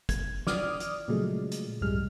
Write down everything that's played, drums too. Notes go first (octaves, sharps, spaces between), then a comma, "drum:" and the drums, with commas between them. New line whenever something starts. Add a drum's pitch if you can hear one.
G#6, drum: kick, hi-hat
D5 D6 D#6 F6, drum: snare
drum: hi-hat
A#2 C#3 F3 F#3 G#3 A3
drum: hi-hat
C2 F2 G#2 G3 G#3 F6